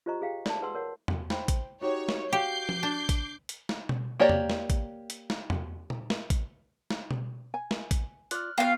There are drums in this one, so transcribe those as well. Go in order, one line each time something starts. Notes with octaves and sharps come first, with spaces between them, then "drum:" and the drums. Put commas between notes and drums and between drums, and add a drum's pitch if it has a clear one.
F4 G4 C5 D#5 A#5 C#6
G4 G#4 F5 G5
D5 A5, drum: snare
G#4 B4 F#5 C6 E6
A#4 C#5 F#5
drum: tom E2
C5 G5 B5, drum: snare
drum: kick A1, hi-hat
D#4 F#4 G4 C#5
drum: snare
F#4 G4 F5 D6 G6 C7
drum: tom F3
D4
drum: kick A1, hi-hat
drum: hi-hat
drum: snare
drum: tom B2
A#3 G4 C#5 D5 A#5
drum: tom E2
drum: snare
drum: kick A1, hi-hat
drum: hi-hat
drum: snare
drum: tom E2
drum: tom A#2
drum: snare
drum: kick A1, hi-hat
drum: snare
drum: tom B2
G#5
drum: snare
drum: kick A1, hi-hat
F4 D5 F6 F#6, drum: hi-hat
B3 F4 F#4 F5 G5 G#5